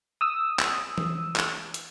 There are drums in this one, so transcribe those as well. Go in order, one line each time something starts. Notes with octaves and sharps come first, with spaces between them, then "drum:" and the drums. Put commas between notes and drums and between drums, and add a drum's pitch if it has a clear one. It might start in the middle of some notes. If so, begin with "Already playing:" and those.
D#6 E6
drum: clap
drum: tom E3
drum: clap
drum: hi-hat